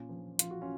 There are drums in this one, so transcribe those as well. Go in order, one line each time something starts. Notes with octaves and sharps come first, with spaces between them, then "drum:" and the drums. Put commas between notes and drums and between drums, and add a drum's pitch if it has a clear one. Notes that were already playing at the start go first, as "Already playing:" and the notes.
Already playing: A#2 C#4 F4
F3
F3 F4, drum: hi-hat
F#4
C#4 F4